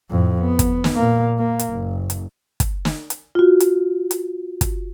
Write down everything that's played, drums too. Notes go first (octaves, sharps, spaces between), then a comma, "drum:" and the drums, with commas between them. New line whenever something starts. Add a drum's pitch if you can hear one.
F2 A2
B3
drum: kick, hi-hat
drum: snare
A#2 A#3
A#3
drum: hi-hat
F#1
drum: hi-hat
drum: kick, hi-hat
drum: snare
drum: hi-hat
F4 F#4
drum: hi-hat
drum: hi-hat
drum: kick, hi-hat